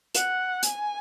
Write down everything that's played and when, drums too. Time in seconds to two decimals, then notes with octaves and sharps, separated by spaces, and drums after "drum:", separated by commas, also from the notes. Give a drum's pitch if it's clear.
0.14 F#5, drum: hi-hat
0.63 G#5, drum: hi-hat